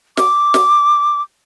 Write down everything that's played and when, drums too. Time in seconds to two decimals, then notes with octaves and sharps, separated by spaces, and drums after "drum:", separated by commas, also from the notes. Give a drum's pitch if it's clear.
0.17 D6, drum: snare
0.54 drum: snare